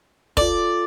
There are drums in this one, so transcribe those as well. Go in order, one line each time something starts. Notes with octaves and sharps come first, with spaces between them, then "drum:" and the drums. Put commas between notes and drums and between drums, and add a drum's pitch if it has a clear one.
F4 A4 D5, drum: kick